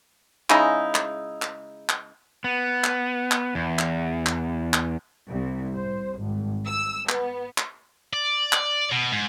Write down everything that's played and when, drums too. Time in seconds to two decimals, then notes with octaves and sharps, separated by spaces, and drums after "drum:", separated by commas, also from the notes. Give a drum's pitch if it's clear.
0.50 C#3 G#3 D#4 E4, drum: clap
0.95 drum: clap
1.42 drum: clap
1.89 drum: clap
2.44 B3
2.84 drum: clap
3.31 drum: clap
3.55 E2
3.79 drum: clap
4.26 drum: clap
4.74 drum: clap
5.29 C2
5.75 C5
6.20 G#1
6.66 E6
7.09 B3, drum: clap
7.58 drum: clap
8.13 D5
8.53 drum: clap
8.91 B2
9.12 G#2